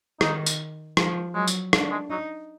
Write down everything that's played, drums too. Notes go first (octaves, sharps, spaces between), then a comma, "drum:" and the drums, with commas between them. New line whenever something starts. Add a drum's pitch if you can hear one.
D#3 D#4, drum: rim click
drum: tambourine
F3, drum: rim click
F#3 G#3
drum: tambourine
D4, drum: rim click
G#3
F#3 D#4